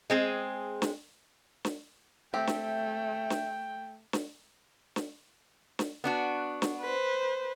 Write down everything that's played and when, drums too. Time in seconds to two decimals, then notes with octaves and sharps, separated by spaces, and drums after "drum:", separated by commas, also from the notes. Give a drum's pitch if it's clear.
0.10 G#3 C4 G#4
0.82 drum: snare
1.65 drum: snare
2.34 A3 C4 G4 E5 G5
2.47 drum: snare
3.30 drum: snare
4.13 drum: snare
4.96 drum: snare
5.79 drum: snare
6.04 B3 D4 F#4
6.62 drum: snare
6.80 B4 C5